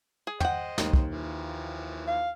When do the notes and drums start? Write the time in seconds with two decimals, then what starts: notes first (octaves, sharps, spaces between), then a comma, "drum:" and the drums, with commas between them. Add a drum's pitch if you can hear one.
0.27 G#4
0.40 C5 D#5 F#5 G5, drum: tom
0.78 D#2, drum: snare
0.93 drum: kick
1.11 E3 F3
2.08 F5